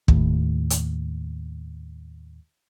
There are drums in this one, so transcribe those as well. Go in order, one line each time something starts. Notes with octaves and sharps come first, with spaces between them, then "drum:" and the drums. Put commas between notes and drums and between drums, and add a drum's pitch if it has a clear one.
D#2 A2, drum: kick
drum: hi-hat